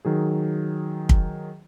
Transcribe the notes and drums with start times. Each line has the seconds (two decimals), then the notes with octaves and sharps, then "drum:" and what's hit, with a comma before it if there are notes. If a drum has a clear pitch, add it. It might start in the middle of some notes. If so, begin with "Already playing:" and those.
0.05 D#3 F#3 G#4
1.09 drum: kick